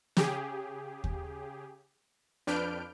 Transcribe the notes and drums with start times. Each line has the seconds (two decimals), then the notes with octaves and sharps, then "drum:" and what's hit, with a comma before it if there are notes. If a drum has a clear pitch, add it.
0.17 C#3 G4 G#4, drum: snare
1.04 drum: kick
2.47 F2 D4 B4 F6 G6 D7